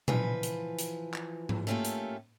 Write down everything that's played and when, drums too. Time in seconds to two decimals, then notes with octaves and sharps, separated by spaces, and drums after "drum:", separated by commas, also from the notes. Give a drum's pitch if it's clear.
0.08 E3 F3 B4, drum: tom A#2
0.43 drum: hi-hat
0.79 drum: hi-hat
1.14 drum: clap
1.49 drum: tom G#2
1.67 A3 A#3 C#4 F4 G4 A4
1.85 drum: hi-hat